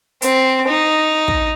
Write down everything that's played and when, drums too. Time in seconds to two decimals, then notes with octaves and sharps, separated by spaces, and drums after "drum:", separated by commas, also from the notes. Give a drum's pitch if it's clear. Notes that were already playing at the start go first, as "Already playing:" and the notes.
0.22 C4, drum: hi-hat
0.68 D#4
1.28 drum: kick